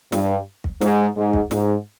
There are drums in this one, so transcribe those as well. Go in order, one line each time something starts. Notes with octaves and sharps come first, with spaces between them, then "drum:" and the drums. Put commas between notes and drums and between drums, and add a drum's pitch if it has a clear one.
G2, drum: snare
drum: kick
G#2, drum: snare
G#2
drum: kick
G#2, drum: snare